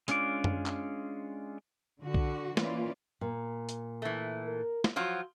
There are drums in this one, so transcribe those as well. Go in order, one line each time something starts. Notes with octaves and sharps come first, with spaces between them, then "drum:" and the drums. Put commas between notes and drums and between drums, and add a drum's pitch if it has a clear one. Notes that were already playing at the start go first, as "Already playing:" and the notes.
G#3 C#4 D4 F4 D6, drum: hi-hat
drum: tom F#2
drum: clap
D3 F#4
drum: kick B1
E3 A#3 C#4 F4 D5, drum: snare
A#2
drum: hi-hat
E3 A3
A#4
drum: snare
F3 F#3 F4 F#4